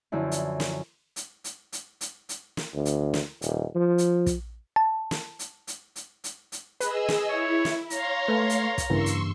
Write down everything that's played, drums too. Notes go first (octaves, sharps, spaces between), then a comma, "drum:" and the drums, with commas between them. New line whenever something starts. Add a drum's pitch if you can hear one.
F#2 D3 F3 E4
drum: hi-hat
drum: snare
drum: hi-hat
drum: hi-hat
drum: hi-hat
drum: hi-hat
drum: hi-hat
drum: snare
D2
drum: hi-hat
drum: snare
D#1, drum: hi-hat
F3
drum: hi-hat
drum: kick, hi-hat
A5
drum: snare
drum: hi-hat
drum: hi-hat
drum: hi-hat
drum: hi-hat
drum: hi-hat
G#4 B4 D#5 E6, drum: hi-hat
drum: snare
E4 C#5
drum: snare
C#5 F5 A#5 C6, drum: hi-hat
A3 A4 B4
drum: hi-hat
drum: kick, hi-hat
G2 C#3 E3 A#3 C6 C#6 E6
drum: hi-hat